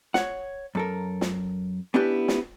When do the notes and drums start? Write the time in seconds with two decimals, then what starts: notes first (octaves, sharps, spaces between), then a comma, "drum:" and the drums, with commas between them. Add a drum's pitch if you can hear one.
0.14 C#5 F#5, drum: snare
0.75 F#2 A4 A#4
1.21 drum: snare
1.94 B3 C#4 D4 E4 G4 B4
2.28 drum: snare